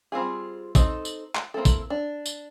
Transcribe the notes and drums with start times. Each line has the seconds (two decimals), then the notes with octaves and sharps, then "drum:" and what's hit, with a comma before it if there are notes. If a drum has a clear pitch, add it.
0.12 G3 C4 F4 G#4
0.75 C4 D#4 A4, drum: kick, tambourine
1.05 drum: tambourine
1.35 drum: clap
1.54 A#3 C4 E4 A4
1.65 drum: kick, tambourine
1.90 D4
2.26 drum: tambourine